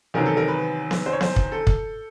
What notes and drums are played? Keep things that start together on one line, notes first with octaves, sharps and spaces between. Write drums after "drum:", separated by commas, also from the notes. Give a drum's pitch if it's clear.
E2 C3 D#3 F#3 A#4
A4
A#4
B4
drum: snare B3
C5
C#5
C5, drum: snare B3
drum: kick
A4
drum: kick